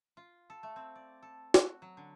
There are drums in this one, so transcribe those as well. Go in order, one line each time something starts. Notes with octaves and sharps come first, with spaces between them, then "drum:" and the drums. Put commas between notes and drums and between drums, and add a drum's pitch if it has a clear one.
F4
A4
A3
C4
D5
A4
F#4, drum: snare
F#3
D3